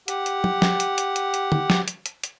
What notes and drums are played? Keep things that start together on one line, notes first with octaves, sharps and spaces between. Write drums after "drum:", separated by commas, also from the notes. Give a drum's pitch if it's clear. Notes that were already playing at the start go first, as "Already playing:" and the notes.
G4 F#5, drum: hi-hat
drum: hi-hat
drum: tom
drum: snare
drum: hi-hat
drum: hi-hat
drum: hi-hat
drum: hi-hat
drum: tom
drum: snare
drum: hi-hat
drum: hi-hat
drum: hi-hat